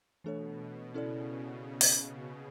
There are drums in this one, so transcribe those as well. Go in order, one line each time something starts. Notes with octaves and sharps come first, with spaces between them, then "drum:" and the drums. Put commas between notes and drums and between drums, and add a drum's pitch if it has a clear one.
B2 E3 A3 D4 A4 C#5
C#3 C#4 E4 A4 D5
drum: open hi-hat